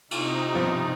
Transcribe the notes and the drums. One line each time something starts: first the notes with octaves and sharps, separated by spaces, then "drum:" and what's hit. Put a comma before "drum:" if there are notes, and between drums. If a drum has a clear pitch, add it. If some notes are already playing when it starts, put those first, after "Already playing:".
C3 D#4 F4, drum: cymbal
G2 B2 F3